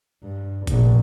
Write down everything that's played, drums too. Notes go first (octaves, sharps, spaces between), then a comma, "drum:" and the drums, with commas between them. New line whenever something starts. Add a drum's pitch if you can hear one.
G2
F1 A#1, drum: kick, hi-hat